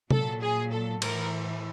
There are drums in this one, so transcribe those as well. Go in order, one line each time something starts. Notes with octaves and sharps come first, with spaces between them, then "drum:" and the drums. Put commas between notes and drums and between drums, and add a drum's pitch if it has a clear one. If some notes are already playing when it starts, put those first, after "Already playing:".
A#2 F#3 A4, drum: tom C3
G#4
A4
A2 E3 A#4, drum: cymbal